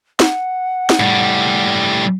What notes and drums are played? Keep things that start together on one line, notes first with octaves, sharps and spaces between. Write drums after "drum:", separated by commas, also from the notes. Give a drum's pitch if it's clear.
F#5, drum: snare
drum: snare
A2 G3